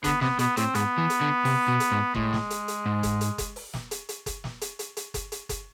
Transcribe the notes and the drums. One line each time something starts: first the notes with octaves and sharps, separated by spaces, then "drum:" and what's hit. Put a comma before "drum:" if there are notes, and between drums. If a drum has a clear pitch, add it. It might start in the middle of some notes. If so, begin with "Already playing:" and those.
D3 B3, drum: kick F#1, hi-hat
C3 B3, drum: snare
B2 B3, drum: hi-hat
A2 C4, drum: hi-hat
G#2 B3, drum: hi-hat
E3
drum: hi-hat
D3
C3, drum: open hi-hat
B2
drum: hi-hat
G#2
A2 G#3, drum: kick F#1
drum: snare
drum: hi-hat
drum: hi-hat
G#2
drum: kick F#1, hi-hat
drum: hi-hat
drum: kick F#1, hi-hat
drum: open hi-hat
drum: snare
drum: hi-hat
drum: hi-hat
drum: kick F#1, hi-hat
drum: snare
drum: hi-hat
drum: hi-hat
drum: hi-hat
drum: kick F#1, hi-hat
drum: hi-hat
drum: kick F#1, hi-hat